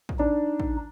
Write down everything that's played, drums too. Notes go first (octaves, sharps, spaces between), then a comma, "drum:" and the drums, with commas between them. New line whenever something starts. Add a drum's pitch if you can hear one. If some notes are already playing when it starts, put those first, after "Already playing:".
drum: kick
D4 D#4
drum: kick